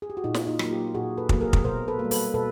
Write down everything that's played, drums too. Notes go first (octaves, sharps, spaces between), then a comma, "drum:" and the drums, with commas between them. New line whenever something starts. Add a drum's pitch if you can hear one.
G#4
G4
F#4
A#2 D#4 F4
drum: snare
D#4 F4
F#3 A#3, drum: rim click
F4 G4
A#2 F#4 G#4
A4 B4
F#3 A#3, drum: kick
G#4 A#4
drum: kick
B2 A#4 C5
A4 B4
A#3
G3
A4 B4, drum: open hi-hat
B2 A4 B4